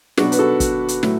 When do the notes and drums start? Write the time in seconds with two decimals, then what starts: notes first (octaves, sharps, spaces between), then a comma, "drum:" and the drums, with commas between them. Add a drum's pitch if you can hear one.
0.17 B2 F#3 D4 F#4, drum: snare
0.32 B4, drum: hi-hat
0.39 F#4 A4
0.60 drum: kick, hi-hat
0.88 drum: hi-hat
1.03 A2 F#3, drum: snare